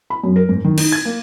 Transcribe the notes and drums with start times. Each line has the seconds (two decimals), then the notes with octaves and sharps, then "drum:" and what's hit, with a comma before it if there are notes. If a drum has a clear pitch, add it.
0.10 B5
0.23 F#2
0.36 A#4
0.49 G#2
0.64 D#3
0.78 D#4, drum: cymbal
0.92 G#6
1.05 A#3